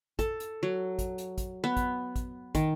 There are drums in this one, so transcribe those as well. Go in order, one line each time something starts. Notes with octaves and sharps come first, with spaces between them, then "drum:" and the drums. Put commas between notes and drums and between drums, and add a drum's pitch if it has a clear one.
A4, drum: kick, hi-hat
drum: hi-hat
F#3
drum: kick, hi-hat
drum: hi-hat
drum: kick, hi-hat
B3
drum: kick, hi-hat
drum: kick, hi-hat
D#3, drum: kick, hi-hat